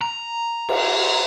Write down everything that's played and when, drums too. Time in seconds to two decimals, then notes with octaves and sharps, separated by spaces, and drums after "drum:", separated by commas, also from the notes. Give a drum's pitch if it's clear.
0.01 A#5
0.69 drum: cymbal